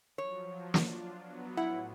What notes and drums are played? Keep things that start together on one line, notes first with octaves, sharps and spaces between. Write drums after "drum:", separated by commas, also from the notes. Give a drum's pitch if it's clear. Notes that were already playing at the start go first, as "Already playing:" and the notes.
F3 F#3 C#5
D4 F4, drum: snare
F#3 B3
A2 E4 F#5